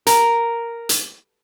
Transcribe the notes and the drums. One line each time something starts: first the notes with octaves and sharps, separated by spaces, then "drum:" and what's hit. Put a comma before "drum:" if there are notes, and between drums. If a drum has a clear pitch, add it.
A#4, drum: hi-hat
drum: hi-hat